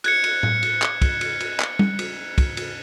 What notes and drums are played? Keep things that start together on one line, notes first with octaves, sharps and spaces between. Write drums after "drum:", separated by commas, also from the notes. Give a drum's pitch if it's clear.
F#6 G#6 C#7, drum: cymbal
drum: cymbal
drum: tom A2
drum: cymbal
drum: clap
drum: kick, cymbal
drum: cymbal
drum: cymbal
drum: clap
drum: tom G3
drum: cymbal
drum: kick, cymbal
drum: cymbal